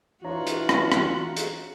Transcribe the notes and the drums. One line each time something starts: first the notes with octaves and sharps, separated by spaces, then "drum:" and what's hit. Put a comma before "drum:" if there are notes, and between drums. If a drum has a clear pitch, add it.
E3 D4 F4 F#4 C#5 A#5
drum: hi-hat
drum: rim click
drum: rim click
drum: hi-hat